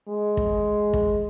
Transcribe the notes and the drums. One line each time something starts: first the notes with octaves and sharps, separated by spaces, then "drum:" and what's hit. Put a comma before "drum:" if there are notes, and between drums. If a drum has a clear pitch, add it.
G#3
drum: kick
drum: kick